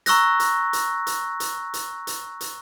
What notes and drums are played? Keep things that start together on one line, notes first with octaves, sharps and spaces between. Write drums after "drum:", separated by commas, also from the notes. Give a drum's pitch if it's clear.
A#5 C#6 E6 F#6 A#6, drum: hi-hat
drum: hi-hat
drum: hi-hat
drum: hi-hat
drum: hi-hat
drum: hi-hat
drum: hi-hat
drum: hi-hat